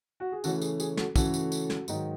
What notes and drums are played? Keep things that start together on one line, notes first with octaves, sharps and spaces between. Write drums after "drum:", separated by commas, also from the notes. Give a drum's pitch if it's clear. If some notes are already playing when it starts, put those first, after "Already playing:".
F#4
G#4
C#3 E3 A3 C#4 F#4 A4, drum: tambourine
G#4, drum: tambourine
G#4, drum: tambourine
F#4 A4, drum: snare
C#3 E3 A3 C#4 F#4 A4, drum: kick, tambourine
drum: tambourine
drum: tambourine
drum: snare
G#2 D#3 F#3, drum: tambourine